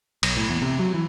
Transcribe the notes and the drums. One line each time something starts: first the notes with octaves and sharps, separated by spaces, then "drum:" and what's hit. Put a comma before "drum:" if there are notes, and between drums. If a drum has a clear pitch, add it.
B1, drum: cymbal
A2
E2
C3
F#3
E3